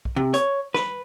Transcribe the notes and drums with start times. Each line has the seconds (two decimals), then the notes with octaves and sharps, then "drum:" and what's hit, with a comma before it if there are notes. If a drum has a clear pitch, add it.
0.05 drum: kick B1
0.16 C3
0.34 C#5, drum: hi-hat
0.74 B4, drum: snare